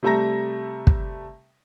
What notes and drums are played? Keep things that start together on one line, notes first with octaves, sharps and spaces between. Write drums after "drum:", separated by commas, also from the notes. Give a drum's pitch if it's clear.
C3 G3 A3 E5 A#5 A#6
drum: kick